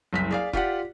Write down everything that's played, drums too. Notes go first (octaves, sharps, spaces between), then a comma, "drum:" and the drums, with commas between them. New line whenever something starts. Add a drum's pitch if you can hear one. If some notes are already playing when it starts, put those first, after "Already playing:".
F#1 C2 B6
G#4 D5 F5
F4 G4 D5 F#5, drum: kick E1